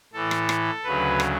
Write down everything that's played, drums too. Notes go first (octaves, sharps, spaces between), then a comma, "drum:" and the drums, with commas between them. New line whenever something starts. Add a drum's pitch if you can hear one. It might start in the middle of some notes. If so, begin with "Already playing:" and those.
A2 E3 A4
drum: rim click
drum: rim click
D2 C#3 F#3 B4
drum: rim click